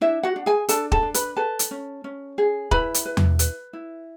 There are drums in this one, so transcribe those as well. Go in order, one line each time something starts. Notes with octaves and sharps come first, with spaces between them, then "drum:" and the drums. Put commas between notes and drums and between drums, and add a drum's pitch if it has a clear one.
D4 E4 E5
F#4 F#5
D4
G#4 G#5
D4 A4 A5, drum: hi-hat
A4 A5, drum: kick
D4
B4 B5, drum: hi-hat
A4 B4 A5
drum: hi-hat
C#4
C#4
G#4
E4 B4 B5, drum: kick
drum: hi-hat
B4
drum: tom E2
B4, drum: hi-hat
E4